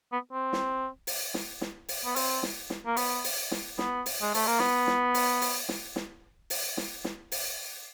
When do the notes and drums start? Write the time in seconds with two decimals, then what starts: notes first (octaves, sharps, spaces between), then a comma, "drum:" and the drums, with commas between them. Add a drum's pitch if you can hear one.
0.12 B3
0.32 C4
0.53 drum: snare
1.07 drum: open hi-hat
1.34 drum: snare
1.61 drum: snare
1.88 drum: open hi-hat
2.05 B3
2.16 C4, drum: open hi-hat
2.43 drum: snare
2.70 drum: snare
2.86 A#3
2.97 B3, drum: open hi-hat
3.24 drum: open hi-hat
3.51 drum: snare
3.78 B3, drum: snare
4.06 drum: open hi-hat
4.21 G#3
4.34 A3, drum: open hi-hat
4.47 A#3
4.59 B3, drum: snare
4.87 drum: snare
5.14 drum: open hi-hat
5.41 drum: open hi-hat
5.69 drum: snare
5.96 drum: snare
6.50 drum: open hi-hat
6.77 drum: snare
7.04 drum: snare
7.32 drum: open hi-hat